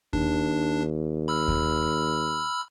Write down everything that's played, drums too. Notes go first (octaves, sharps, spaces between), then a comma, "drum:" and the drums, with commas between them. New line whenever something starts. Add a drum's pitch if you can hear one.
D#2 D4, drum: kick D#2
B5 E6 F6
drum: kick D#2